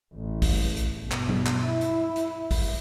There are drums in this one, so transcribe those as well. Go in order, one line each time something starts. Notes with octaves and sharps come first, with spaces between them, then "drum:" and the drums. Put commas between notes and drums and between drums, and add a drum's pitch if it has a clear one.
A1
drum: kick, open hi-hat
drum: hi-hat
G2 B2
drum: clap
drum: tom F#3
drum: clap
E4
drum: hi-hat
drum: hi-hat
drum: kick, open hi-hat